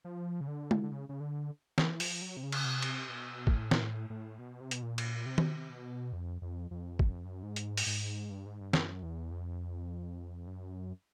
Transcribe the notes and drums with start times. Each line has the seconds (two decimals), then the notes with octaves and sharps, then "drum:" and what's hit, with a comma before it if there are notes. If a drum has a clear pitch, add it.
0.04 F3
0.41 C#3
0.48 D3
0.71 drum: tom G#3
0.83 D3
0.91 C#3
1.09 C#3
1.20 D3
1.78 E3, drum: snare
2.00 F3, drum: open hi-hat
2.22 F#3
2.37 C3
2.43 C#3
2.52 drum: cymbal
2.65 C3
2.82 drum: cymbal
3.08 B2
3.47 A#2, drum: kick
3.52 A2
3.71 A#2, drum: snare
3.81 A2
4.10 A2
4.39 B2
4.61 C3
4.71 B2, drum: hi-hat
4.82 A#2
4.98 drum: cymbal
5.26 C3
5.38 drum: tom D#3
5.69 B2
6.13 F2
6.42 F2
6.71 F2
6.99 F#2, drum: kick
7.12 F2
7.25 F#2
7.43 G#2
7.56 drum: hi-hat
7.77 drum: open hi-hat
7.87 G#2
8.30 G2
8.46 G#2
8.60 G2
8.73 F#2, drum: snare
9.03 E2
9.31 F2
10.47 F#2